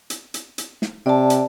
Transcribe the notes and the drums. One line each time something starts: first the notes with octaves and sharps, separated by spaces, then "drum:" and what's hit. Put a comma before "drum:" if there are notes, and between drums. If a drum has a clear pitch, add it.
drum: hi-hat
drum: hi-hat
drum: hi-hat
drum: snare
C3 D5 A5
drum: hi-hat